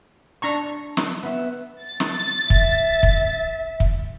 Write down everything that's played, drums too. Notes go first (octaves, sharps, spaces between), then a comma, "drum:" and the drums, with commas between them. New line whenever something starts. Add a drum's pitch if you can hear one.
D4 A#5 C#6
drum: snare
B3 E5
A6
drum: snare
E5, drum: kick
drum: kick
drum: kick